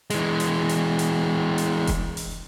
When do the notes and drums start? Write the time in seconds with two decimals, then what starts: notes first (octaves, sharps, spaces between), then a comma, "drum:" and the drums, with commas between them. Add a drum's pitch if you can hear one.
0.10 E3 G#3, drum: hi-hat
0.40 drum: hi-hat
0.69 drum: hi-hat
0.99 drum: hi-hat
1.58 drum: hi-hat
1.87 drum: kick E1, hi-hat
2.17 drum: open hi-hat